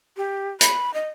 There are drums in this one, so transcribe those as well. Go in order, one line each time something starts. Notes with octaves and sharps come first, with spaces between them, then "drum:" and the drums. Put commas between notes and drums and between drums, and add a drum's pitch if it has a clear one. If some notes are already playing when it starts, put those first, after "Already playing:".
G4
B5, drum: hi-hat
D#5